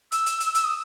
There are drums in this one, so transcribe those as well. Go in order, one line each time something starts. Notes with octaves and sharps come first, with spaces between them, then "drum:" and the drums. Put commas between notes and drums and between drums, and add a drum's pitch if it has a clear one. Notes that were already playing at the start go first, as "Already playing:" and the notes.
E6, drum: hi-hat
drum: hi-hat
drum: hi-hat
E6, drum: hi-hat
D#6